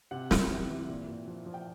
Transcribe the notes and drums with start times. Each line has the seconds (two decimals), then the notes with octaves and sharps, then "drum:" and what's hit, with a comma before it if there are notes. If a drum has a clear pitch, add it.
0.11 C3 F#5
0.31 C3, drum: snare
0.50 E3
0.69 E3
0.89 A#2
1.07 A#2
1.28 F3
1.46 F3
1.54 G5